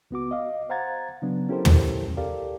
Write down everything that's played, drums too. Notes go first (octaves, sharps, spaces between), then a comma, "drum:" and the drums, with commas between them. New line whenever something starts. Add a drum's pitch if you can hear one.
C#2 B3 F#4 D6
D#5 F5
C5 F5 F#5 A#5 G#6 A6
C#3 F#3 B3 D4
C#4 E4 G4 A4 A#4 C5
drum: tom
G4 A4 A#4 D5 F5